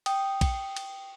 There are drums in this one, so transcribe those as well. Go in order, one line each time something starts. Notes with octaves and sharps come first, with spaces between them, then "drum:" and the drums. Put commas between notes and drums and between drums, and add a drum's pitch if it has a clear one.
G5 D#6, drum: cymbal
drum: kick A#1, cymbal
drum: cymbal